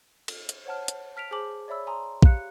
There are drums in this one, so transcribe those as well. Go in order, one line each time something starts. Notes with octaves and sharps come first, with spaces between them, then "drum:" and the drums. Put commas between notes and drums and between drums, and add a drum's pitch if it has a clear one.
drum: cymbal
drum: hi-hat
C5 C#5 F#5 A5 F6
drum: hi-hat
A5 F6 B6 D7 F7
G#4 C5 G#5 A5 D6 F#7
C#5 D5 E5 B5 E6
G#5 A#5 C6 D#6
G4 F5 F#6 C#7, drum: kick